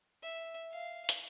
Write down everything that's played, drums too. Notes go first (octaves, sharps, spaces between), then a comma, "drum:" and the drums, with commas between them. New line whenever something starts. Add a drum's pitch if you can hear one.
E5
F5
drum: hi-hat